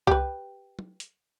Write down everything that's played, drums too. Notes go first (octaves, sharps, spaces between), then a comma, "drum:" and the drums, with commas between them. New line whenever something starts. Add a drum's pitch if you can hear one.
G4 B4, drum: kick C2
drum: tom
drum: hi-hat